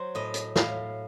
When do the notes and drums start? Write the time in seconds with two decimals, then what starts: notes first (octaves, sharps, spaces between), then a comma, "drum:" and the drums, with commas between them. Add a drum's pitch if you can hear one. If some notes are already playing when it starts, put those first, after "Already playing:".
Already playing: F#3 C5
0.15 A2 D#5
0.34 drum: hi-hat
0.56 A2 F5, drum: snare